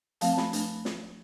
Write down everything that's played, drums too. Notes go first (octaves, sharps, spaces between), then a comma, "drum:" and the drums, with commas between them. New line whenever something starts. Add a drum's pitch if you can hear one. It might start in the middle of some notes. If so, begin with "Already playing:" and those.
F3 A3 C4 F5 A5, drum: hi-hat
A5
G#5 B5, drum: snare
A3 D4, drum: hi-hat
drum: snare